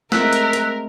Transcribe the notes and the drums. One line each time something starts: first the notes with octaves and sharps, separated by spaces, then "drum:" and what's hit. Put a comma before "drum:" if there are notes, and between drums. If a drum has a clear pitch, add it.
G#3 A3 C4 A#4 E6 F#6 B6, drum: snare
drum: hi-hat
drum: hi-hat